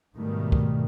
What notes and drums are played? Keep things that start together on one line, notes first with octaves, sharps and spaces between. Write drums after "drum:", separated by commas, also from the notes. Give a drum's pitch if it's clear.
G#2 B2 D#3 G3 A3
drum: kick